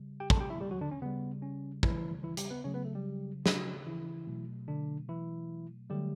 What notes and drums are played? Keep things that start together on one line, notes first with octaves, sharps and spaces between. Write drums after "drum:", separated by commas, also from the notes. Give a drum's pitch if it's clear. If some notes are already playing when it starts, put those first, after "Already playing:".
Already playing: C#3 G3
G4 G5
A4 A5, drum: kick
G4 G5
E4 E5
G3 G4
F#3 F#4
D3 D4
C#4
C#3 G3 B3
C#4
E3 E4, drum: kick
E3 E4
G3 G4, drum: hi-hat
B3 B4
C#3 F#3 A3 C#4 C#5
B3 B4
A3 A4
G3 G4
F#3 F#4, drum: snare
E3 E4
B2 F#3 A3
D3 D4
E3 E4
D3 F#3 G3 A3 G4